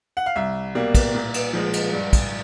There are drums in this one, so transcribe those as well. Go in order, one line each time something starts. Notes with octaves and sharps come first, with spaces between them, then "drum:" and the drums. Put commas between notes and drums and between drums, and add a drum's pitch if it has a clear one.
F#5
F5
C2 E5
B2 G3 A#3
drum: kick, cymbal
A#2
drum: cymbal
F3 G#3
drum: cymbal
G2
drum: kick, cymbal